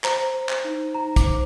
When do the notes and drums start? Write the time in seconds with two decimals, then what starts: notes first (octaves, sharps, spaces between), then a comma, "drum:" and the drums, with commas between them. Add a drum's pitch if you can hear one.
0.04 C5 A#5, drum: clap
0.34 C5
0.49 drum: clap
0.64 D#4
0.94 D#4 A#5
1.16 D6, drum: kick, hi-hat
1.24 C5